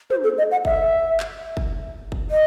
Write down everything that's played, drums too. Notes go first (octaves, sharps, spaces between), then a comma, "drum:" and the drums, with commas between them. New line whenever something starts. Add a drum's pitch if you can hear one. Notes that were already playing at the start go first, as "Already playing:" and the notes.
C5, drum: tom
A4
D#5
F#5
E5, drum: kick
drum: clap
drum: kick
drum: kick
D#5